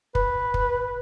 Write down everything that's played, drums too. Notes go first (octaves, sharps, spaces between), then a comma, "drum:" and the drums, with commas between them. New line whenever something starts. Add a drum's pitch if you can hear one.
B4, drum: kick
drum: kick